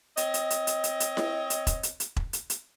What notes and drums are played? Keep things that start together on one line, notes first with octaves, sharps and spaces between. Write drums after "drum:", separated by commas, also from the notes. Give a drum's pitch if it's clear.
C4 C#5 D#5, drum: hi-hat
drum: hi-hat
drum: hi-hat
drum: hi-hat
drum: hi-hat
drum: hi-hat
drum: snare E4
drum: hi-hat
drum: kick E1, hi-hat
drum: hi-hat
drum: hi-hat
drum: kick E1
drum: hi-hat
drum: hi-hat